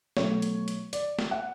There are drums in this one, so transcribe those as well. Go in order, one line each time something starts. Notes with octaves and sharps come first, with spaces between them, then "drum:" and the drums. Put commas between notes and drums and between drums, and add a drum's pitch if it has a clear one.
B2 F#3 A3 C#5, drum: snare
drum: hi-hat
drum: hi-hat
D5, drum: hi-hat
drum: snare
F#5